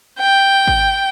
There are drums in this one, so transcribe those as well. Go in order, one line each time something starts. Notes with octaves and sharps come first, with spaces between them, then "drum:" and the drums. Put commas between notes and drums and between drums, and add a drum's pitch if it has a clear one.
G5
drum: kick G#1